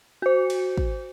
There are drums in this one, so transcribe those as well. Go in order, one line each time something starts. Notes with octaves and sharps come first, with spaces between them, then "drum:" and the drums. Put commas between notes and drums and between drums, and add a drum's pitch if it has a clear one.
F#4 C5
drum: cymbal
drum: kick